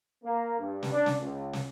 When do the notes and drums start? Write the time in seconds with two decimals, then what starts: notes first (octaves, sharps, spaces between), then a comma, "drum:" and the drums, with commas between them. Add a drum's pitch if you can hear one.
0.24 A#3
0.59 G2
0.83 drum: snare
0.92 D4
1.06 drum: snare
1.21 C#2
1.53 drum: snare